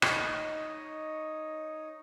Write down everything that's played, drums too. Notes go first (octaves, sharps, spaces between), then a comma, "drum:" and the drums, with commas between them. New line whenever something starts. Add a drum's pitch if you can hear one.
D#4 C#5 D#5, drum: rim click